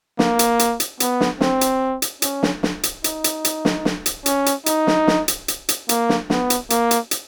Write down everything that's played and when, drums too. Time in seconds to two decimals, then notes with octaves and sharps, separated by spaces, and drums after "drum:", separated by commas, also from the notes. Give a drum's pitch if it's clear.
0.19 A#3, drum: snare
0.39 drum: hi-hat
0.59 drum: hi-hat
0.80 drum: hi-hat
1.00 B3, drum: hi-hat
1.21 drum: snare
1.41 C4, drum: snare
1.61 drum: hi-hat
2.02 drum: hi-hat
2.22 C#4, drum: hi-hat
2.43 drum: snare
2.63 drum: snare
2.83 drum: hi-hat
3.04 D#4, drum: hi-hat
3.24 drum: hi-hat
3.45 drum: hi-hat
3.65 drum: snare
3.85 drum: snare
4.06 drum: hi-hat
4.26 C#4, drum: hi-hat
4.46 drum: hi-hat
4.66 D#4, drum: hi-hat
4.87 drum: snare
5.07 drum: snare
5.28 drum: hi-hat
5.48 drum: hi-hat
5.69 drum: hi-hat
5.89 A#3, drum: hi-hat
6.09 drum: snare
6.30 B3, drum: snare
6.50 drum: hi-hat
6.70 A#3, drum: hi-hat
6.91 drum: hi-hat
7.11 drum: hi-hat